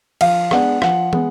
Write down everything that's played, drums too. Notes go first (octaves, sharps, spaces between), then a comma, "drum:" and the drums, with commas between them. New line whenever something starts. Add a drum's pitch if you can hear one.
F3 F5, drum: cymbal
G#3 B3 D4 F#5, drum: rim click
F3 F#5, drum: rim click
G#3 B3, drum: tom